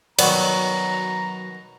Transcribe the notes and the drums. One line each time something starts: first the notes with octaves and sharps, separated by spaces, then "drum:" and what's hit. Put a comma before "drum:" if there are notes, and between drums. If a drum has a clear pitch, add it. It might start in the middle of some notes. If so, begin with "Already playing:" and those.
B2 D#3 F#3 B3 D5 A#5, drum: cymbal